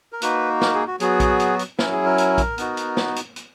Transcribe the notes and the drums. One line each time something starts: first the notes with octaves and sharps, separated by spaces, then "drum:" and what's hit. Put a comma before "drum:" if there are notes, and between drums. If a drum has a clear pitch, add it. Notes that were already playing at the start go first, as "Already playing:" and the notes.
A#4
A#3 D#4 F#4 B4, drum: hi-hat
A#4, drum: snare
G#4
F#4
F#3 B3 F#4 G#4, drum: hi-hat
drum: kick A#1, hi-hat
drum: hi-hat
drum: hi-hat
F#3 C#4 E4 A#4, drum: snare
G#4
A#4
drum: hi-hat
drum: kick A#1, hi-hat
B3 D#4 F#4, drum: hi-hat
drum: hi-hat
drum: snare
drum: hi-hat
drum: hi-hat